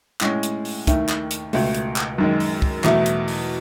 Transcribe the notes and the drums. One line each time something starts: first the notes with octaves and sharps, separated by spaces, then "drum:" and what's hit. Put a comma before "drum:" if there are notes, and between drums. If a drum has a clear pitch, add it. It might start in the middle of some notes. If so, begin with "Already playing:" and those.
A2 G#3 C#4, drum: clap
drum: hi-hat
drum: open hi-hat
D#2 D#3 A3 E4, drum: kick, hi-hat
drum: clap
drum: hi-hat
C#2 B2 A3, drum: open hi-hat
drum: hi-hat
drum: clap
F#2 D#3 G#3
drum: open hi-hat
drum: kick
E2 B2 A3 E4, drum: clap
drum: hi-hat
drum: open hi-hat